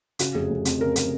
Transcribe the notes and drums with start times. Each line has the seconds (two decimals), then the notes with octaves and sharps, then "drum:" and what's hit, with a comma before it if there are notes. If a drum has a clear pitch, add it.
0.19 C#3 F#4, drum: hi-hat
0.34 F1 G#4
0.50 F1
0.65 F2, drum: hi-hat
0.81 C#3 A#4
0.96 A#4, drum: hi-hat